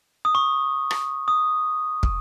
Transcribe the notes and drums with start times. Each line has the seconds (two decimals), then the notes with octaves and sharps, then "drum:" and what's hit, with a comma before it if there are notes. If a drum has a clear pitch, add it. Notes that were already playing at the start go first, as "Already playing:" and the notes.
0.25 D#6
0.35 C#6
0.91 drum: rim click
1.28 D#6
2.03 drum: kick